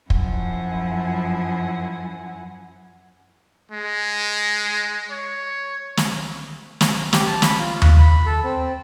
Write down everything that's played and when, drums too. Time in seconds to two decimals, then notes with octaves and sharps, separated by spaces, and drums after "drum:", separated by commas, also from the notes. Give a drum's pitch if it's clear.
0.10 F#2 F3 E4 F#5 G#5, drum: kick
3.71 G#3
5.11 C#5
5.97 drum: snare
6.81 drum: snare
7.13 G4, drum: snare
7.27 A5
7.42 B5, drum: snare
7.59 F4
7.82 F#6, drum: tom D#2
8.00 B5
8.26 A4
8.44 C4